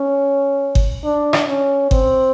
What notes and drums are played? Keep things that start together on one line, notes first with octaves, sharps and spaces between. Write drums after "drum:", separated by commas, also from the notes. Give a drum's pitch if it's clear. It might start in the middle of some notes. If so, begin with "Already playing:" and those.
Already playing: C#4
drum: kick G1
D4
drum: rim click
C#4
C4, drum: kick G1